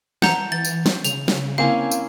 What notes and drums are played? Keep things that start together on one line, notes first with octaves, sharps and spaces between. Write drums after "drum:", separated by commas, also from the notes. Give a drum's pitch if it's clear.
E3 F#5 A5 A#5 G6, drum: snare
E3 A6
drum: tambourine
drum: snare
C#3 F7, drum: tambourine
drum: snare
A#3 C4 C#4 E4 F5 G#5
drum: tambourine